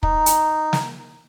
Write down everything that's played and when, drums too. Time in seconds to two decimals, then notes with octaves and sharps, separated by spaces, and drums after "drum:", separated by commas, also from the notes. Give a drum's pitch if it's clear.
0.03 D#4, drum: kick
0.26 drum: hi-hat
0.73 drum: snare